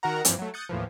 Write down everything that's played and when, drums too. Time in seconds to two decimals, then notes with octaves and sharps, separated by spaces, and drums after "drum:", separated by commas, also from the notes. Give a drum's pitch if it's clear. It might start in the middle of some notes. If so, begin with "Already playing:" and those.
0.03 D#3 F#4 A#4 F#5 A#5
0.25 G2 E3 F3 C4, drum: hi-hat
0.39 F#3 A3
0.54 D#6 F#6 G6 A6 C#7
0.69 D#2 A2 E3 F3